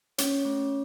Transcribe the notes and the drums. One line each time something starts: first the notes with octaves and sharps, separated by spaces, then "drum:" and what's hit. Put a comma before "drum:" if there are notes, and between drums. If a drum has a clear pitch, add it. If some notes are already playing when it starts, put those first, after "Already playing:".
C#4 C#5, drum: hi-hat
A3